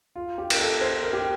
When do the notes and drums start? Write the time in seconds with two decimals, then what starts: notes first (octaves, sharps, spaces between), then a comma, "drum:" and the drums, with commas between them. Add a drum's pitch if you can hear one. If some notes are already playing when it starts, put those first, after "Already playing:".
0.16 F4
0.38 G4
0.50 A#4, drum: cymbal
0.59 A4
0.81 C5
1.02 A#4
1.13 G4